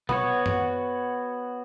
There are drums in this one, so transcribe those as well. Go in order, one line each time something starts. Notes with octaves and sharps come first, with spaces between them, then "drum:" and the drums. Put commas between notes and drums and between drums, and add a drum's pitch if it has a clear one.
B3 F#4 C#5, drum: tom A#2
drum: tom F#2